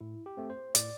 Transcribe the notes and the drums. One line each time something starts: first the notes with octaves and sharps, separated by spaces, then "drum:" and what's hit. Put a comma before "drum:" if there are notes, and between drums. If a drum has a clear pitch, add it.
A2 E4
G4
A3 C4
C5
A2 D5, drum: hi-hat